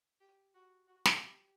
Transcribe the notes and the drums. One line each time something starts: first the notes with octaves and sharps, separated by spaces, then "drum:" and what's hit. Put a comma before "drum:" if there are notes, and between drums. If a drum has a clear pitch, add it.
G4
F#4
F#4
drum: snare
G4